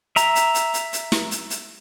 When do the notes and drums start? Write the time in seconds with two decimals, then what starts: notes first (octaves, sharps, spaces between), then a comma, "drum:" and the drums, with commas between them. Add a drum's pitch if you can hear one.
0.16 E5 A#5, drum: hi-hat
0.35 drum: hi-hat
0.54 drum: hi-hat
0.74 drum: hi-hat
0.93 drum: hi-hat
1.12 drum: snare
1.31 drum: hi-hat
1.50 drum: hi-hat